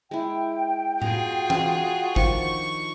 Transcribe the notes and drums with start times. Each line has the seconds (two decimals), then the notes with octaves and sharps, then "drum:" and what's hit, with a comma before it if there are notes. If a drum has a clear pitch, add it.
0.11 G#3 E4 G5
1.02 F4 F#4 G#4 A#5, drum: tom A2
1.50 drum: tom E3
2.16 D#3 F3 D4 C#6, drum: kick G#1